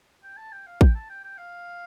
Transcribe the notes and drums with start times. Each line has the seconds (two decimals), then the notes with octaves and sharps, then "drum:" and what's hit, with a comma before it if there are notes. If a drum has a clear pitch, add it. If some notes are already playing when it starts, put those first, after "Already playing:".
0.23 G5
0.37 A5
0.52 G5
0.67 F5
0.81 G5, drum: kick
0.95 A5
1.09 G5
1.24 G5
1.38 F5